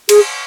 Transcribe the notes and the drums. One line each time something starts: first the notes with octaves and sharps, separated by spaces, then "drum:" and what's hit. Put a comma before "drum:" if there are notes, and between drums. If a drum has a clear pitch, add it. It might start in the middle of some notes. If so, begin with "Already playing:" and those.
G#4, drum: cymbal